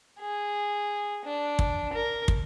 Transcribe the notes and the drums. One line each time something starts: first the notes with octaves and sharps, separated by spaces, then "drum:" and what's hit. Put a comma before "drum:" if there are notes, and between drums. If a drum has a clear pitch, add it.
G#4
D4
drum: kick
A#4
drum: kick